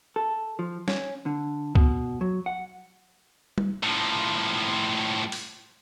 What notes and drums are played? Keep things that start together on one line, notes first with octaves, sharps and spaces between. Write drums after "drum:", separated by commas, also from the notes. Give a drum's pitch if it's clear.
A4
F3
C#4, drum: snare
D3
B2, drum: kick C#2
F#3
F#5
drum: tom G3
A2 F3
drum: open hi-hat